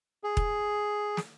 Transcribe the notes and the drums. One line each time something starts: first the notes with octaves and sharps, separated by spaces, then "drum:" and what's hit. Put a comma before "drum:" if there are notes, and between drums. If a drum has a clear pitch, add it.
G#4
drum: kick E1
drum: snare